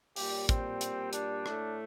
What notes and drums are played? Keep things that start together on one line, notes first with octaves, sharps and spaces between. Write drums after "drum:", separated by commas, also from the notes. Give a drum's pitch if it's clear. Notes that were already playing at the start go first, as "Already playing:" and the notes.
A#2 G3 G4, drum: open hi-hat
C4, drum: kick, hi-hat
drum: hi-hat
D4, drum: hi-hat
A2 A3, drum: rim click